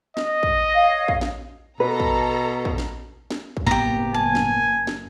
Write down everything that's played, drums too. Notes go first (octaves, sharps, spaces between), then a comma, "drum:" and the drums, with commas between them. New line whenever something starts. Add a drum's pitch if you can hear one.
D#5, drum: snare
drum: kick
C#5 F5
drum: kick
drum: snare
B2 A4 B4 A#5
drum: kick
drum: kick
drum: snare
drum: snare
drum: kick
F#1 A2 A#3 B3 G4 A#5
G#5 A5
drum: snare
drum: snare